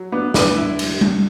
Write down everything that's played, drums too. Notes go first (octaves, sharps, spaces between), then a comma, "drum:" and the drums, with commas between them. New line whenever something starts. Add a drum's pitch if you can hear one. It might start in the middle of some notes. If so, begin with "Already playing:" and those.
Already playing: F#3
B3 D4
D4 B4, drum: snare
E4
drum: cymbal
drum: tom G3